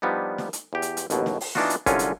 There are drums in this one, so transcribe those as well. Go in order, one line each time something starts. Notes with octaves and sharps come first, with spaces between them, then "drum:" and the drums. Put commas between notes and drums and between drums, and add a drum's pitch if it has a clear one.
F3 G3 B3 D4 D#4
drum: snare
drum: hi-hat
E2 G4
drum: hi-hat
drum: hi-hat
A1 D#2 B2 F#3, drum: hi-hat
drum: snare
drum: open hi-hat
E3 B3 D4 D#4 F4 F#4, drum: snare
drum: hi-hat
C2 F#2 D3 C#4 F4 G#5, drum: kick, hi-hat
drum: hi-hat